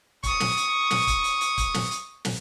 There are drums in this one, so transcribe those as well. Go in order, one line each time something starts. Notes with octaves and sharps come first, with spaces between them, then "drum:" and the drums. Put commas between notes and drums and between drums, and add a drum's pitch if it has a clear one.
C#6 D#6, drum: kick, hi-hat
drum: snare
drum: hi-hat
drum: snare
drum: kick, hi-hat
drum: hi-hat
drum: hi-hat
drum: kick, hi-hat
drum: snare
drum: hi-hat
drum: snare